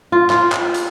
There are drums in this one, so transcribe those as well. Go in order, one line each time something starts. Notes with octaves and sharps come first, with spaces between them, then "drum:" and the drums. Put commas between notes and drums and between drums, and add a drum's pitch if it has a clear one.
F4
F4, drum: clap
drum: clap
drum: hi-hat